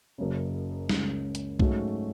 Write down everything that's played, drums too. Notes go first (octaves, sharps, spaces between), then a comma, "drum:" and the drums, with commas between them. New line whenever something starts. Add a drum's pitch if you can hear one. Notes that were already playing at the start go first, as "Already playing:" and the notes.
F#1 F#2 C#3
C#2 C#3 G#3, drum: snare
drum: hi-hat
G#2 F#3 A3 C#4 F#4, drum: kick B1